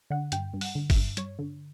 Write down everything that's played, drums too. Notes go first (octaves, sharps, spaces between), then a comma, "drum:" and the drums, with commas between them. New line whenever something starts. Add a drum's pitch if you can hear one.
D3 F#5
G2 G5, drum: hi-hat
G2
F#5, drum: open hi-hat
D3
E5, drum: kick, open hi-hat
G2
G2 C#5, drum: hi-hat
D3